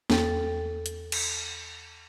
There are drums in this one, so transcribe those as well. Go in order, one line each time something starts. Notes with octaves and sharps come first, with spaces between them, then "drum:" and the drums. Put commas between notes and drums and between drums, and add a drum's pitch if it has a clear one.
E2 A4 G5 A6, drum: snare
drum: hi-hat
drum: cymbal